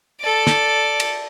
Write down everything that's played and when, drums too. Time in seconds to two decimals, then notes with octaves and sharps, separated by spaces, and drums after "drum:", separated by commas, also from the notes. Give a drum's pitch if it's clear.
0.20 A4 D5
0.47 drum: snare
1.00 drum: cymbal